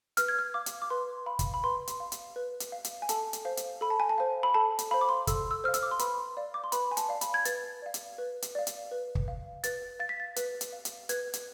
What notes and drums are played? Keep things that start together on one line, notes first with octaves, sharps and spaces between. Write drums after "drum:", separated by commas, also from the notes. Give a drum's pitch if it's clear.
B4 F6, drum: hi-hat
G#6
F6
F5 D6
drum: hi-hat
D6
B4 C6
F5 B5
drum: kick, hi-hat
B5
B4 C6
drum: hi-hat
F5
drum: hi-hat
B4
drum: hi-hat
F5
drum: hi-hat
G#5
A4 A5, drum: hi-hat
drum: hi-hat
C5 F5
drum: hi-hat
A4 B5
A5
G#5
A5
C5 F5
B5
A4 A5
drum: hi-hat
C5 F5 B5
D6
C6
A4 E6, drum: kick, hi-hat
E6
C5 F5 F6
E6, drum: hi-hat
D6
C6
B4 B5, drum: hi-hat
D5 F5
D6
C6
B4 B5, drum: hi-hat
G#5
A5, drum: hi-hat
D5 F5
B5, drum: hi-hat
G#6
B4 A6, drum: hi-hat
D5 F5
drum: hi-hat
B4
drum: hi-hat
D5 F5
drum: hi-hat
B4
drum: kick
F5
B4 A6, drum: hi-hat
F5 A6
B6
A6
B4, drum: hi-hat
drum: hi-hat
F5
drum: hi-hat
B4 G#6, drum: hi-hat
drum: hi-hat